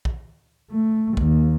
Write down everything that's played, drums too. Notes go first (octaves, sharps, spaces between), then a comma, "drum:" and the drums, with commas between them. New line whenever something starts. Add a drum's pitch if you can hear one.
drum: kick
A3
D#2, drum: kick